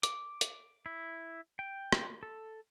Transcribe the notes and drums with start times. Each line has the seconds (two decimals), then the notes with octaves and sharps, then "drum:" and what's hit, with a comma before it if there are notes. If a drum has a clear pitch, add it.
0.03 D6, drum: hi-hat
0.41 drum: hi-hat
0.86 E4
1.59 G5
1.92 drum: rim click
2.23 A4